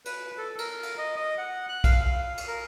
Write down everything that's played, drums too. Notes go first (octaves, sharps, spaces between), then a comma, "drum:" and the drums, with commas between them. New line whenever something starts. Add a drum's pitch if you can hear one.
B4, drum: cymbal
A4
A#4, drum: cymbal
drum: cymbal
D#5
D#5
F#5
F#6
F5, drum: kick B1, cymbal
F5
drum: cymbal
A#4